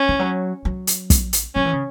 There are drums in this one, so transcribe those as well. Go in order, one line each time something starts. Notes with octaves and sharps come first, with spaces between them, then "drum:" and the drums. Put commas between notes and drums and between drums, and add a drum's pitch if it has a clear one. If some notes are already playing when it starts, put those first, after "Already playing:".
Already playing: C#4
E3
F#3
F#3
drum: hi-hat
drum: kick, hi-hat
drum: hi-hat
F#3 C#4
E3
C#3